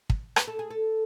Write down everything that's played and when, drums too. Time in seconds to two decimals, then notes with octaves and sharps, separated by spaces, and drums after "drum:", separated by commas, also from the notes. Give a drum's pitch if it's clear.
0.10 drum: kick
0.36 B4, drum: rim click
0.48 A4
0.59 G#4
0.70 A4